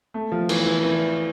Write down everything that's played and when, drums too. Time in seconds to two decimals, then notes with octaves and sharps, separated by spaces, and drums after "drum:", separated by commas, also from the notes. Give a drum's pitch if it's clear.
0.14 A3
0.32 F3
0.49 E3, drum: cymbal
0.66 E3
0.84 E3